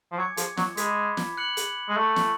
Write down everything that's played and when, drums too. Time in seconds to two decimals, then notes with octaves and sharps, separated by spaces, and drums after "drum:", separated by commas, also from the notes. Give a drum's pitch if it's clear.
0.12 F3
0.17 F#3 G#5 D6 G#6 C#7
0.37 F3, drum: hi-hat
0.57 F#3, drum: snare
0.77 G#3 B5 D6 G#6 B6, drum: hi-hat
1.17 drum: snare
1.37 F#6 C#7 F#7
1.57 drum: hi-hat
1.89 G#3
1.97 A3 G#5 C#6 F#6
2.16 drum: snare